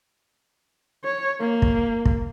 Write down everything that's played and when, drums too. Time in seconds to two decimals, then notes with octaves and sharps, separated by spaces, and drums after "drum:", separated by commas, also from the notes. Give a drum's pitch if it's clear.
1.05 C#5
1.41 A#3
1.62 drum: kick
2.06 drum: kick